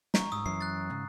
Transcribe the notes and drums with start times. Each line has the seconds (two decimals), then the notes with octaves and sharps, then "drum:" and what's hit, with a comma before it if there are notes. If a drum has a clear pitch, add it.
0.14 A#5 C#6, drum: snare
0.32 G#2 D#6 E6
0.46 F#2 E3 C7
0.61 F#6 A6
0.90 G#2 C#3